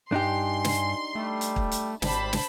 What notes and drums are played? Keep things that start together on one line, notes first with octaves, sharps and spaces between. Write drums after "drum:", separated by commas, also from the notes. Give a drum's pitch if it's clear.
G2 D4 D#4 G4 G#5 C6
drum: snare
G3 A3
drum: hi-hat
drum: kick
drum: hi-hat
G#1 G3 C5 A5 B5, drum: snare
drum: snare